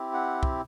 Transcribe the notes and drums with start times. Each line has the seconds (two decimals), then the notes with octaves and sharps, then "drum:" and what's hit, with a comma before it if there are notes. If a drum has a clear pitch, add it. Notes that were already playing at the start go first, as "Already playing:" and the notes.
Already playing: C4 E4 G4
0.13 F#5
0.43 drum: kick